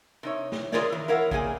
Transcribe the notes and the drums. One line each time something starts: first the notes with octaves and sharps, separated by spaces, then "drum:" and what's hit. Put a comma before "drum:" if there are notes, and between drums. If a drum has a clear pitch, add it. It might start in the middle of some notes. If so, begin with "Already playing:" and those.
C3 D#4 C#5
drum: snare
F4 G#4 A#4 C#5 D5, drum: snare
D#3 E3
E4 A#4 C#5 F5 F#5
A#2 A#3 G#4 G#5, drum: kick A1